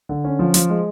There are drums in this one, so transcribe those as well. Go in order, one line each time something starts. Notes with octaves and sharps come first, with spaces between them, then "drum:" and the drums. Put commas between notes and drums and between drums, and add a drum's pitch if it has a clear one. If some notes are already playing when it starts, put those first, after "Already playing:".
D3
C#4
F3
F3, drum: hi-hat
G#3